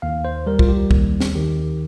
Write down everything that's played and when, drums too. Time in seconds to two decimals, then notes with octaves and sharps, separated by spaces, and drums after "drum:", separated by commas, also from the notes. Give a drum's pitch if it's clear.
0.02 D#2 F5
0.25 C5
0.46 G3 A#4
0.59 F4, drum: kick
0.69 G4
0.91 D#2, drum: kick
1.20 drum: snare
1.35 D#3 G4